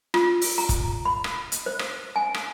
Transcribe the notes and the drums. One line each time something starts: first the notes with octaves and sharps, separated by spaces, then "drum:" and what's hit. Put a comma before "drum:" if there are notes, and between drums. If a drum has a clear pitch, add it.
F4, drum: rim click
drum: open hi-hat
A#5
drum: kick, hi-hat
B5
drum: rim click
drum: hi-hat
C5
drum: rim click
G#5
drum: rim click